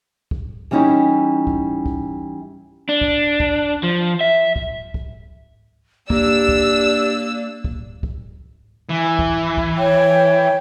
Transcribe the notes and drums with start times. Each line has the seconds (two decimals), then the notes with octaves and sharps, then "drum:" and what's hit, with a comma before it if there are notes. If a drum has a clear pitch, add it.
0.31 drum: kick
0.71 E3 G3 C#4 D#4 E4
1.47 drum: kick
1.86 drum: kick
2.89 D4
3.01 drum: kick
3.40 drum: kick
3.83 F3
4.21 E5
4.56 drum: kick
4.94 drum: kick
6.10 A#3 D4 G4 E6, drum: kick
6.49 drum: kick
7.65 drum: kick
8.03 drum: kick
8.89 E3
9.19 drum: kick
9.57 drum: kick
9.78 C#5 G5